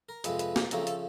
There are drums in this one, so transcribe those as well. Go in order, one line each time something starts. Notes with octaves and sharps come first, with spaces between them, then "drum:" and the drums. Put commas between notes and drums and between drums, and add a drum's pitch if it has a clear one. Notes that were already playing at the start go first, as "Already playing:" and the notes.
A#4
F2 C3 F3 G#3 C4 B4, drum: hi-hat
B4, drum: hi-hat
A#4, drum: snare
C#3 F3 A3 C4 A#4, drum: hi-hat
A4, drum: hi-hat